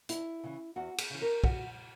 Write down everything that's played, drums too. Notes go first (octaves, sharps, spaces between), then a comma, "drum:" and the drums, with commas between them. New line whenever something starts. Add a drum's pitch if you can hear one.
E2 E4, drum: hi-hat
C#3 E3
E2 F#4
G#4, drum: cymbal
C#3 E3
A#4
F#4, drum: kick